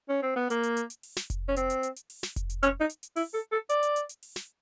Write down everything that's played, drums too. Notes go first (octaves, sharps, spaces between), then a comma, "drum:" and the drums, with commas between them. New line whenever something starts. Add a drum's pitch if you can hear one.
C#4
C4
B3
A#3, drum: hi-hat
drum: hi-hat
drum: hi-hat
drum: hi-hat
drum: open hi-hat
drum: snare
drum: kick F1, hi-hat
C#4
C4, drum: hi-hat
drum: hi-hat
drum: hi-hat
drum: hi-hat
drum: open hi-hat
drum: snare
drum: kick F1, hi-hat
drum: hi-hat
C#4, drum: hi-hat
D#4
drum: hi-hat
drum: hi-hat
E4, drum: open hi-hat
A4
A4
D5, drum: hi-hat
drum: hi-hat
drum: hi-hat
drum: hi-hat
drum: open hi-hat
drum: snare